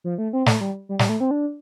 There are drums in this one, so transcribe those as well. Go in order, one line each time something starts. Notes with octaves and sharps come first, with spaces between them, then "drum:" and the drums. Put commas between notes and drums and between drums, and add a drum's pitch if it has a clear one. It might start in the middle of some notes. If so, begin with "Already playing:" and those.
F3
A3
C4
A3, drum: snare
G3
G3
G3, drum: snare
A3
C4
D4